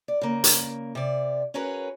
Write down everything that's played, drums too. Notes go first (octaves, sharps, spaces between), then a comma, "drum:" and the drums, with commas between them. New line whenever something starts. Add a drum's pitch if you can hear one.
D5
C#3 A#3
drum: hi-hat
C3 D5
C#4 F#4 G#4 A#4 B4 C#5